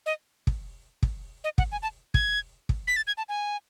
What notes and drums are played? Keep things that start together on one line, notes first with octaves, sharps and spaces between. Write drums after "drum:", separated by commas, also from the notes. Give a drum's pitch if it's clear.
D#5
drum: kick
drum: kick
D#5
F#5, drum: kick
G#5
A5
G#6, drum: kick
drum: kick
B6
A6
G#6
A5
G#5